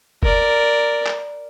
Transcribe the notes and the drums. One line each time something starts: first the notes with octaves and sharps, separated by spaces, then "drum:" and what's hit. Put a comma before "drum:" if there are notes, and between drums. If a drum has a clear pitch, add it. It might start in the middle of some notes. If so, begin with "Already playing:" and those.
A#4 D5, drum: kick F1
drum: clap